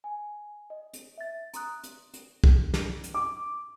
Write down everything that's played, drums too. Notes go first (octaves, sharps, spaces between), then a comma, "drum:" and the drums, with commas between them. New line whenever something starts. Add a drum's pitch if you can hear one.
G#5
D#5
drum: hi-hat
E5 A6
A#5 C6 D#6 F#6, drum: hi-hat
drum: hi-hat
drum: hi-hat
drum: kick
drum: snare
drum: hi-hat
D6